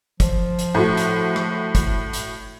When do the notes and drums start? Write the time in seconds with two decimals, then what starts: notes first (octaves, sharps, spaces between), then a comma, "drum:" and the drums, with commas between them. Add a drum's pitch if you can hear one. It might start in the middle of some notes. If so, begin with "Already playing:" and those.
0.20 F3, drum: kick, hi-hat
0.59 drum: hi-hat
0.75 A2 F#4
0.97 drum: hi-hat
1.36 drum: rim click
1.75 drum: kick, hi-hat
2.13 drum: hi-hat